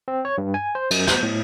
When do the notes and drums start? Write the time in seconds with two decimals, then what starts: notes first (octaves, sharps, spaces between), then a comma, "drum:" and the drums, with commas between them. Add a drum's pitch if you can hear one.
0.08 C4
0.25 C#5
0.38 G2
0.54 G#5
0.75 C5
0.91 F#2, drum: cymbal
1.07 G6, drum: snare
1.23 A2